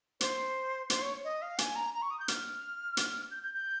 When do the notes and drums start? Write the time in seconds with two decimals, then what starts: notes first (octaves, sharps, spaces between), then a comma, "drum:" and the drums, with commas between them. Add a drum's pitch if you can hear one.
0.21 C5, drum: hi-hat
0.90 C5, drum: hi-hat
1.02 C#5
1.24 D#5
1.42 F5
1.58 G#5, drum: hi-hat
1.76 A#5
1.94 A#5
2.02 C#6
2.11 D#6
2.19 G6
2.28 F6, drum: hi-hat
2.97 drum: hi-hat
3.31 G6
3.43 G6
3.55 G6